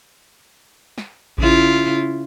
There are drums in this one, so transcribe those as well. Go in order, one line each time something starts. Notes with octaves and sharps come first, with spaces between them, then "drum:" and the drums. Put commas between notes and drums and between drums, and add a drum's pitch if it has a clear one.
drum: snare
C#3 E4 F4, drum: kick A1